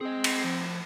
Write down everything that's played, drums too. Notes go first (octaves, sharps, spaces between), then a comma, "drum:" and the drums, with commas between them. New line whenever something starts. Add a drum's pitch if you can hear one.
C4 G#4 D#5
drum: cymbal
A2 F3